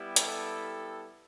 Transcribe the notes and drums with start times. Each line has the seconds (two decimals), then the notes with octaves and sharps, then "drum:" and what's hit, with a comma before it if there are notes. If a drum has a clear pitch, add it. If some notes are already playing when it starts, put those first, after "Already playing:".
Already playing: G3 B3 E4 G4
0.16 A4, drum: hi-hat